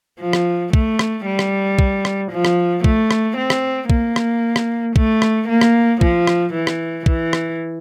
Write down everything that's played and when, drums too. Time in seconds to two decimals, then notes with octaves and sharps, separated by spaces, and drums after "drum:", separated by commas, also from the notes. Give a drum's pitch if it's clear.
0.20 F3
0.33 drum: rim click
0.73 A3, drum: kick
0.99 drum: rim click
1.26 G3
1.39 drum: rim click
1.79 drum: kick
2.05 drum: rim click
2.31 F3
2.45 drum: rim click
2.84 A3, drum: kick
3.11 drum: rim click
3.37 C4
3.50 drum: rim click
3.90 A#3, drum: kick
4.16 drum: rim click
4.56 drum: rim click
4.96 A3, drum: kick
5.22 drum: rim click
5.48 A#3
5.61 drum: rim click
6.01 F3, drum: kick
6.27 drum: rim click
6.53 E3
6.67 drum: rim click
7.06 E3, drum: kick
7.33 drum: rim click